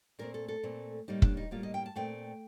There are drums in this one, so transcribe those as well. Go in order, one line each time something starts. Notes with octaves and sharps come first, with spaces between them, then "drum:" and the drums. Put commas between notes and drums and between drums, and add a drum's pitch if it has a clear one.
A#2 A3 C4 A#4
A4
A4
A#2 A3 C4
A2 G3 A#3 D#4
D4, drum: kick
D#4
A2 G3 A#3 F4
D#5
G5
A5
A#2 A3 C4 G5